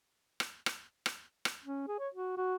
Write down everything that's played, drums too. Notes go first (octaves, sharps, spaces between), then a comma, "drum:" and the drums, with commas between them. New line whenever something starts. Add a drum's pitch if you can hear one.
drum: rim click
drum: rim click
drum: rim click
drum: rim click
C#4
G#4
C#5
F#4
F#4